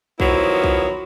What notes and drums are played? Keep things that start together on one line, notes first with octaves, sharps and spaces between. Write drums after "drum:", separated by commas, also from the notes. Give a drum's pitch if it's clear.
D#3 F3 F#3 B3 E4, drum: kick B1
drum: kick B1